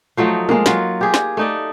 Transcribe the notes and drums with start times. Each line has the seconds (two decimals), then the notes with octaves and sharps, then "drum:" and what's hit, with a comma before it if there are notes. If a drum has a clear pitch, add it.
0.17 F3 F#3 A3 D#4
0.49 G#3 A#3, drum: tom
0.66 F#3 F4, drum: snare
1.01 G4 G#4
1.14 drum: snare
1.37 A3 D#4 D5